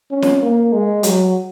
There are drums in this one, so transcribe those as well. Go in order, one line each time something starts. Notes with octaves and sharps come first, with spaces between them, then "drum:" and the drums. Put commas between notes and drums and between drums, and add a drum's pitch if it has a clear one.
C#4
drum: snare
A#3
G#3
F#3, drum: hi-hat